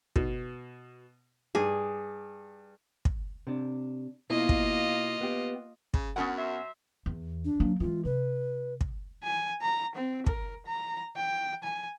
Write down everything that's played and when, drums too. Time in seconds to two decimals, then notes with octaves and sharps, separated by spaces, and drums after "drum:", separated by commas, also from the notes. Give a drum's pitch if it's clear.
0.16 B2, drum: kick
1.55 G2 G#4 D6
3.05 drum: kick
3.47 C3 D4
4.30 B2 A#3 E4 F4 D#5
4.49 drum: kick
5.21 B3 G4
5.94 C#3, drum: kick
6.16 F#2 B3 C#4 F#5
6.37 F#3 C5 E5
7.06 E2
7.45 D4
7.60 F#3 A#3
7.80 E3 G#3 F4
8.05 C3 B4
8.81 drum: kick
9.23 G#5
9.62 A#5
9.95 C4
10.27 A#4, drum: kick
10.66 A#5
11.17 G5
11.64 G#5